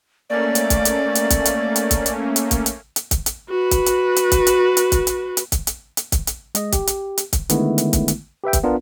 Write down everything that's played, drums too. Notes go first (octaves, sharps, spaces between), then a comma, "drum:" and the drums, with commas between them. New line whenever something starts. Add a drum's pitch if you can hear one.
A3 A#3 C#4 D5
drum: hi-hat
drum: kick, hi-hat
drum: hi-hat
drum: hi-hat
drum: kick, hi-hat
drum: hi-hat
drum: hi-hat
drum: kick, hi-hat
drum: hi-hat
drum: hi-hat
drum: kick, hi-hat
drum: hi-hat
drum: hi-hat
drum: kick, hi-hat
drum: hi-hat
F#4 B4
drum: kick, hi-hat
drum: hi-hat
drum: hi-hat
drum: kick, hi-hat
drum: hi-hat
drum: hi-hat
drum: kick, hi-hat
drum: hi-hat
drum: hi-hat
drum: kick, hi-hat
drum: hi-hat
drum: hi-hat
drum: kick, hi-hat
drum: hi-hat
G#3 D#5, drum: hi-hat
G4, drum: kick, hi-hat
drum: hi-hat
drum: hi-hat
drum: kick, hi-hat
D3 D#3 G#3 A3 B3 E4, drum: hi-hat
drum: hi-hat
drum: kick, hi-hat
drum: hi-hat
G4 B4 E5 G5
drum: kick, hi-hat
B3 D4 F4 A#4